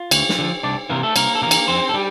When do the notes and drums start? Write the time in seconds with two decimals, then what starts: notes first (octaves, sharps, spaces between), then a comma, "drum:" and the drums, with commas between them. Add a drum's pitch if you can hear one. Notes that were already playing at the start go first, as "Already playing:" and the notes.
Already playing: F4
0.11 D2, drum: cymbal
0.29 drum: snare
0.38 D3 F3
0.63 C2 D4 D5
0.90 C3 E3 A#3 A#4
1.03 A3 A4
1.16 C2 A#3 A#4, drum: cymbal
1.35 A4
1.42 C3 E3 A#3 A#4
1.51 drum: cymbal
1.68 F2 C4 C5
1.89 A4
1.94 G3 G4